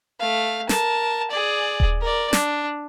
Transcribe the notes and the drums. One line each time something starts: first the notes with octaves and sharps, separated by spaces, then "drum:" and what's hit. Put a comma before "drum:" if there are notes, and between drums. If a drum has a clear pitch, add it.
A3 F5
A#4 A5, drum: snare
G#4 D5
drum: kick D#1
A#4 D5
D4, drum: snare